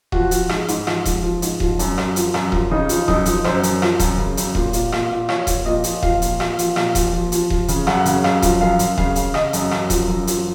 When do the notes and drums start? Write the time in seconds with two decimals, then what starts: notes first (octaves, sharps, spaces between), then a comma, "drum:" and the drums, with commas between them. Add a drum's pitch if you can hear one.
0.12 F3 F#4, drum: kick D#1
0.31 F3, drum: hi-hat
0.49 G#2 G#4, drum: rim click
0.68 G#2, drum: hi-hat
0.87 F3, drum: rim click
1.05 F3, drum: kick D#1, hi-hat
1.23 F3
1.42 G#2, drum: hi-hat
1.60 F3, drum: kick D#1
1.79 F#2, drum: hi-hat
1.98 F#2, drum: rim click
2.16 F3, drum: hi-hat
2.34 F#2, drum: rim click
2.52 F3, drum: kick D#1
2.71 C#3 D#4
2.89 F3, drum: hi-hat
3.08 F#2 D#4, drum: kick D#1
3.26 F3, drum: hi-hat
3.44 F#2 C5, drum: rim click
3.63 F#2, drum: hi-hat
3.82 F3, drum: rim click
3.99 F#2, drum: kick D#1, hi-hat
4.18 C#3
4.37 F#2, drum: hi-hat
4.55 A#2, drum: kick D#1
4.73 A#2, drum: hi-hat
4.92 A#2, drum: rim click
5.11 A#2
5.29 F3 C#5, drum: rim click
5.47 F3, drum: kick D#1, hi-hat
5.66 A#2 D#5
5.84 F3, drum: hi-hat
6.03 F3 F5, drum: kick D#1
6.22 A#2, drum: hi-hat
6.40 A#2, drum: rim click
6.59 F3, drum: hi-hat
6.76 A#2, drum: rim click
6.95 F3, drum: kick D#1, hi-hat
7.13 F3
7.32 F3, drum: hi-hat
7.50 F3, drum: kick D#1
7.68 C#3, drum: hi-hat
7.87 F#2 F#5, drum: rim click
8.06 C#3, drum: hi-hat
8.24 F#2 F5, drum: rim click
8.42 F3, drum: kick D#1, hi-hat
8.61 F#2 F5
8.79 F#2, drum: hi-hat
8.98 C#3 F5, drum: kick D#1
9.16 C#3, drum: hi-hat
9.34 C#3 D#5, drum: rim click
9.53 F#2, drum: hi-hat
9.71 F#2, drum: rim click
9.90 F3, drum: kick D#1, hi-hat
10.08 F#2
10.27 F3, drum: hi-hat